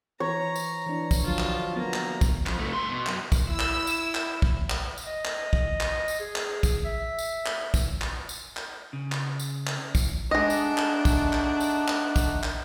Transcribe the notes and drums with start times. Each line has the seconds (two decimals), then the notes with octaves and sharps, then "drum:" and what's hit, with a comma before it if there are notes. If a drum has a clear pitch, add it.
0.20 E3 C#5 A#5
0.56 drum: tambourine
0.86 E3 D4
1.11 drum: kick, tambourine
1.25 D3 F3 F#3 F4 A5
1.38 drum: clap
1.76 F#3 A#3 B3 A#5
1.94 drum: clap
2.21 drum: kick, tambourine
2.47 F2, drum: clap
2.59 C3 A3
2.73 G2 C6
2.90 B2
3.06 F#2, drum: clap
3.32 drum: kick, tambourine
3.50 E4 E6
3.59 drum: clap
3.87 drum: tambourine
4.15 drum: clap
4.42 drum: kick
4.70 drum: clap
4.98 drum: tambourine
5.07 D#5
5.25 drum: clap
5.53 drum: kick
5.80 drum: clap
6.08 drum: tambourine
6.20 G#4
6.36 drum: clap
6.63 drum: kick, tambourine
6.85 E5
7.19 drum: tambourine
7.46 drum: clap
7.74 drum: kick, tambourine
8.01 drum: clap
8.29 drum: tambourine
8.57 drum: clap
8.93 C#3
9.12 drum: clap
9.40 drum: tambourine
9.67 drum: clap
9.95 drum: kick, tambourine
10.31 G#3 A3 D4 D#4 D#5 F#5
10.50 drum: tambourine
10.78 drum: clap
11.05 drum: kick, tambourine
11.33 drum: clap
11.60 drum: tambourine
11.88 drum: clap
12.16 drum: kick, tambourine
12.43 drum: clap